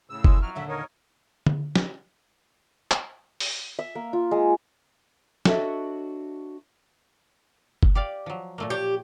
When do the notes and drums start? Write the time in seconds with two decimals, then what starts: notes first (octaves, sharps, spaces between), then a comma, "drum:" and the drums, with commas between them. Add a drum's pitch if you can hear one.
0.10 A2 C#3 E6
0.24 G#3 E4, drum: kick F#1
0.42 F2 F#3 F6
0.55 D#2 A#2 D3 E5
0.68 D#4 A#4 C#5
1.46 drum: tom D3
1.76 drum: snare
2.91 drum: clap
3.40 drum: open hi-hat
3.79 E5
3.95 A#3
4.13 F4
4.31 G#3
5.45 D4 F#4 A4 C#5 D#5 E5, drum: snare
7.83 drum: kick F#1
7.95 G4 D5 F5
8.26 F3 F#3
8.58 A#2 A3 A#3
8.70 G4 C#5